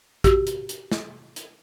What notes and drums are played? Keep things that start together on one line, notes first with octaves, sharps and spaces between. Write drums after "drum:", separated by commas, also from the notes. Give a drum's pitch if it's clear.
F#4 G4, drum: kick, hi-hat
drum: hi-hat
drum: hi-hat
drum: snare
drum: hi-hat